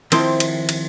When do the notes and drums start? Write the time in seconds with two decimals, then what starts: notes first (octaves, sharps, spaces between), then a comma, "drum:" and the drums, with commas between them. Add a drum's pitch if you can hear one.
0.12 D#3 F3 C4 E4 C5, drum: cymbal
0.40 drum: cymbal
0.69 drum: cymbal